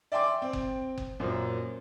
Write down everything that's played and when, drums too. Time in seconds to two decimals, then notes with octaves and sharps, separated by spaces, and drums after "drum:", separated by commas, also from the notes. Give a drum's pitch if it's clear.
0.12 D5 E5 G5 G#5 C6 D6
0.42 C4 G5
0.53 drum: kick F#1
0.98 drum: kick F#1
1.20 F#2 A#2 A#3 C5